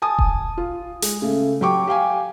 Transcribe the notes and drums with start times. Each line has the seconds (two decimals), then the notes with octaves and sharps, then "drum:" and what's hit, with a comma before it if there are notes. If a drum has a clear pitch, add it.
0.02 G#5 A5 D#6
0.19 drum: kick E1
0.57 F4
1.02 G#3, drum: hi-hat
1.22 C#3 A3
1.61 F#3 G4 G5 C#6 D6
1.87 G4 F5 G5 G#5